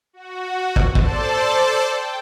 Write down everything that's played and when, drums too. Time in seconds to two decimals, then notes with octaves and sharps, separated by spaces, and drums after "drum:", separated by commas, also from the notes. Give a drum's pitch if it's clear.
0.13 F#4
0.76 drum: kick
0.95 A4 C5 D5 A5, drum: kick
1.89 G5